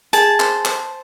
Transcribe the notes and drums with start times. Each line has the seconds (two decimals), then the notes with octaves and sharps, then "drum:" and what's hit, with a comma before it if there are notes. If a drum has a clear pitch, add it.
0.13 G#4 A5, drum: hi-hat
0.40 C5, drum: clap
0.65 C5, drum: clap